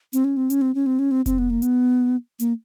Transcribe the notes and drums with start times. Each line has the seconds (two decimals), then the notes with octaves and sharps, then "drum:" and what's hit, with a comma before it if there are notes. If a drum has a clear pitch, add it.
0.13 C4, drum: hi-hat
0.24 C#4
0.37 C4
0.50 C#4, drum: hi-hat
0.62 C4
0.75 C#4
0.86 C4
0.99 C#4
1.11 C4
1.26 C4, drum: kick F1, hi-hat
1.38 B3
1.50 A#3
1.62 B3, drum: hi-hat
2.40 A#3, drum: hi-hat